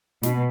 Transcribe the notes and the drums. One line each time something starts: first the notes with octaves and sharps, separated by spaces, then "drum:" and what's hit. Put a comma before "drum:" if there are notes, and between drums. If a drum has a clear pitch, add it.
B2, drum: snare